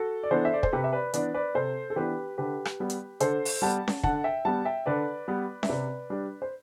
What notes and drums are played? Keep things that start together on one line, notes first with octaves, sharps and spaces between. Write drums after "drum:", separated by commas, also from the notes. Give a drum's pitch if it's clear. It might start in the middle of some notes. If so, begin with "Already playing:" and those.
Already playing: F#4 A4
D5
E3 B3 D4 A4 C5
E5
D5
C5, drum: kick
C3 G4 B4
E5
B4 D5
E3 B3 D4 B4 D5, drum: hi-hat
B4 D5
C3 A4 C5
A4
E3 B3 D4 G4 B4
D3 G4 B4
drum: rim click
G3 B3
drum: hi-hat
D3 A4 C5, drum: hi-hat
drum: open hi-hat
G3 B3 F#5 A5
drum: snare C#4
D3 F#5 A5, drum: kick
E5 G5
G3 B3 F#5 A5
E5 G5
D3 B4 D5
G3 B3
E5, drum: snare C#4
C3 B4 D5
G3 D4
C5